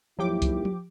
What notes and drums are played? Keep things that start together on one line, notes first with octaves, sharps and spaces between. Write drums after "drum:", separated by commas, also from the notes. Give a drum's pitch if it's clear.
G#1 D#2 F3 F#3 E4 G4 G5 D6
drum: kick C2, hi-hat
drum: tom F3